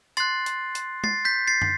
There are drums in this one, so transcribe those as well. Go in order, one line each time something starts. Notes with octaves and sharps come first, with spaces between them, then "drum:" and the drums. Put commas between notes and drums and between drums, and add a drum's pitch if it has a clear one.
C6 F#6 A6 C7, drum: hi-hat
drum: hi-hat
drum: hi-hat
A6 C7, drum: tom
G6 B6
A6 C7
drum: tom